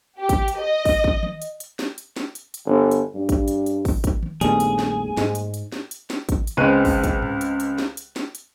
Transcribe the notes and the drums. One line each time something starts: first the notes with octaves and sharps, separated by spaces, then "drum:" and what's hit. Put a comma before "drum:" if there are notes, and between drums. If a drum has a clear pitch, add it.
G4
drum: kick, hi-hat
drum: hi-hat
D#5
drum: kick, open hi-hat
drum: kick
drum: tom D#3
drum: hi-hat
drum: hi-hat
drum: snare
drum: hi-hat
drum: snare
drum: hi-hat
drum: hi-hat
G1
drum: hi-hat
G2
drum: kick, hi-hat
drum: hi-hat
drum: hi-hat
drum: kick, open hi-hat
drum: kick, hi-hat
drum: tom D#3
A#1 F2 D#3 G3 A3 B3 G#4, drum: hi-hat
drum: hi-hat
drum: snare
G#2 G#3, drum: snare
drum: hi-hat
drum: hi-hat
drum: snare
drum: hi-hat
drum: snare
drum: kick, hi-hat
drum: hi-hat
C#2 G#3 C4 B4 F#6 D#7
drum: kick, open hi-hat
drum: kick, hi-hat
drum: tom G#2
drum: hi-hat
drum: hi-hat
drum: snare
drum: hi-hat
drum: snare
drum: hi-hat